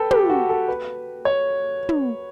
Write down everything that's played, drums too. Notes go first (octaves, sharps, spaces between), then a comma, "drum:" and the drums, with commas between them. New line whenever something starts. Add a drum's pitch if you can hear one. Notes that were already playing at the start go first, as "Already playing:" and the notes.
Already playing: A4 B4 G5
G4, drum: tom
F#4
A4
B4
C#5
drum: tom